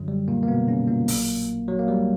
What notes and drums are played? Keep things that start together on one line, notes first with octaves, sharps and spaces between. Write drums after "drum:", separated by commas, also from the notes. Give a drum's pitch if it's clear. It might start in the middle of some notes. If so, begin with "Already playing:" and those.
Already playing: F#2 D3 F#3
G3
A#2 A#3
A#3
B2 B3
C#3 C#4
A#2 A#3
A#1 A#2 F#3, drum: open hi-hat
F#3
A#3
G3